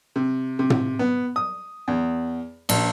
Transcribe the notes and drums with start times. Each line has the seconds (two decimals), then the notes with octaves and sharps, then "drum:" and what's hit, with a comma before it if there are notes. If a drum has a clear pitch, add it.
0.16 C3
0.59 C3
0.70 drum: tom
0.99 B3
1.36 D#6
1.88 E2
2.69 A#1, drum: cymbal